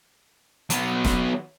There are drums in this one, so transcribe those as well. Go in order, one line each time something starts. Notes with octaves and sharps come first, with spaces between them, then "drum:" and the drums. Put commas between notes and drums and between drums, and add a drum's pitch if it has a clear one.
F#3 B3, drum: hi-hat
drum: snare